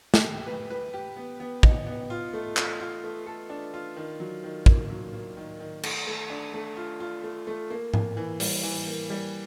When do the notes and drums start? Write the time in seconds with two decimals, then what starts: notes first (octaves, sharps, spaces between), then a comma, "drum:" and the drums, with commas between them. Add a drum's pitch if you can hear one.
0.14 drum: snare
0.23 G4
0.47 B4
0.70 B4
0.94 G4
1.17 B3
1.40 B3
1.63 D#4, drum: kick
1.87 B3
2.10 F4
2.33 A3
2.57 F4, drum: clap
2.80 F4
3.04 A3
3.26 A4
3.50 D4
3.74 F4
3.97 D#3
4.20 F#3
4.44 D#3
4.66 A#3, drum: kick
4.90 F#3
5.13 A#3
5.37 D#3
5.60 D#3
5.83 A3, drum: cymbal
6.07 A3
6.30 D4
6.54 A3
6.77 F4
7.00 F4
7.24 A3
7.47 A3
7.70 A#3
7.94 A#3, drum: tom G#2
8.17 E3
8.40 G3, drum: open hi-hat
8.63 E3
8.87 A#3
9.10 G3